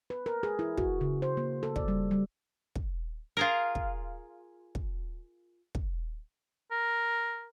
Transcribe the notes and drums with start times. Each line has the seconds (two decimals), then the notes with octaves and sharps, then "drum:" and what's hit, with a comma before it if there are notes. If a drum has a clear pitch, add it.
0.10 B4
0.26 A#4
0.43 G#4
0.59 E4
0.78 F#4, drum: kick
1.01 C#3
1.22 C5
1.37 A#3
1.63 A4
1.76 D5, drum: kick
1.88 G3
2.11 G3
2.75 drum: kick
3.37 F4 G#4 A#4
3.75 drum: kick
4.75 drum: kick
5.75 drum: kick
6.71 A#4